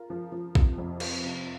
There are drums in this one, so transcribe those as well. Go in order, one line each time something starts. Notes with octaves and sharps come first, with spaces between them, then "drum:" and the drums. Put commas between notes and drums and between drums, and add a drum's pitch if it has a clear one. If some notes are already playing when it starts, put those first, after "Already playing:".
Already playing: F4 A#4
F3
F3
C3, drum: kick A#1
F2
F4, drum: cymbal
C3